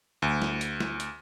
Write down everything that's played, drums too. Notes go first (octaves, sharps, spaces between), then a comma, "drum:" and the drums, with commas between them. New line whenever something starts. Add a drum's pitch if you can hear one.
D2
drum: snare
drum: hi-hat
drum: snare
drum: hi-hat